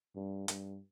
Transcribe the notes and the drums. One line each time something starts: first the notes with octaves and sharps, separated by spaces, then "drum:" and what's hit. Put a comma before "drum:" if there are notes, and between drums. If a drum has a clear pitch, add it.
G2
G2, drum: hi-hat